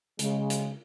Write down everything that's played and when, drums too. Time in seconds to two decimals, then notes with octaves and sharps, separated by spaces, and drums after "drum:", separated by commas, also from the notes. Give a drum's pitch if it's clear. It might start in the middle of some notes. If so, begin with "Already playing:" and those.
0.19 C#3 G#3, drum: hi-hat
0.50 drum: hi-hat